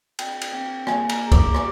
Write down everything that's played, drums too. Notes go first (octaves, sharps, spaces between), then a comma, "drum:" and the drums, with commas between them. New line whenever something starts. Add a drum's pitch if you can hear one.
C4 G5, drum: cymbal
drum: cymbal
C4 G5
A#3 G#5, drum: rim click
A#5, drum: cymbal
G#4
D6, drum: kick, cymbal
G4 D6, drum: rim click